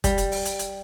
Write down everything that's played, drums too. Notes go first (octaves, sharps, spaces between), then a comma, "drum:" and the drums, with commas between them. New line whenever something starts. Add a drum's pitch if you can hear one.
G3, drum: kick, hi-hat
drum: hi-hat
drum: open hi-hat
drum: hi-hat
drum: hi-hat